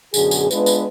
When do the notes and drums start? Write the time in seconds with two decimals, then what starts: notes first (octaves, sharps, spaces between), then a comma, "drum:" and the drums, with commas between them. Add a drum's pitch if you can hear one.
0.14 F#2 B2 D3 G#4, drum: tambourine
0.31 drum: tambourine
0.51 G#3 B3 D4 F4 B4, drum: tambourine
0.66 drum: tambourine